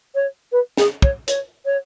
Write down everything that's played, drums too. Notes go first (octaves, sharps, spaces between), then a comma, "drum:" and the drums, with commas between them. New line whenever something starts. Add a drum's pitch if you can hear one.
C#5
B4
G#4, drum: snare
C#5, drum: kick
C#5, drum: hi-hat
C#5